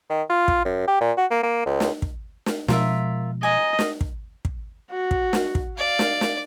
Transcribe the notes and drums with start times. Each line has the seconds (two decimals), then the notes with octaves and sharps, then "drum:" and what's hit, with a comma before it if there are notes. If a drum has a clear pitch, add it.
0.10 D#3
0.29 F4
0.48 drum: kick
0.65 F#2
0.87 G4
1.00 A#2
1.17 F#4
1.30 A#3
1.43 A#3
1.66 C#2
1.80 drum: snare
2.02 drum: kick
2.46 drum: snare
2.68 B2 F3 G#3 F4 A#4 E5, drum: snare
3.43 D#5 G#5 A#5
3.79 drum: snare
4.01 drum: kick
4.45 drum: kick
4.91 F#4
5.11 drum: kick
5.33 drum: snare
5.55 drum: kick
5.78 D5 F5
5.99 drum: snare
6.21 drum: snare